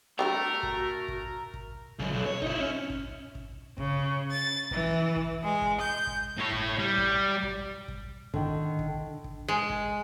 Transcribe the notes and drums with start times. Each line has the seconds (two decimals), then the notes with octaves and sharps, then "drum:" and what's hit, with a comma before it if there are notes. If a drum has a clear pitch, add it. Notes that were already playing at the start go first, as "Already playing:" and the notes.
0.19 D3 F#3 G3 A3 F#4 A#4
0.63 drum: kick
1.08 drum: kick
1.54 drum: kick
1.99 C#2 F#2, drum: kick
2.12 B1
2.26 C#5
2.42 D#4 E4, drum: kick
2.60 C#4
2.90 drum: kick
3.35 drum: kick
3.78 C#3, drum: kick
4.30 A6
4.71 E3, drum: kick
5.16 drum: kick
5.43 G#3
5.62 drum: kick
5.80 G6
6.07 drum: kick
6.38 A2 C#5
6.52 drum: kick
6.79 G3
6.98 drum: kick
7.43 drum: kick
7.88 drum: kick
8.34 D3 D#3, drum: kick
8.79 drum: kick
9.24 drum: kick
9.48 G#3
9.70 drum: kick